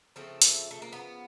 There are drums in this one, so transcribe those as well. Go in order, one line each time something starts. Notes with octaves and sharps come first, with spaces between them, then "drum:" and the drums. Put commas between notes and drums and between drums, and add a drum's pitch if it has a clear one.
C#3 F3 A3 C4
drum: hi-hat
A3
A#3
B3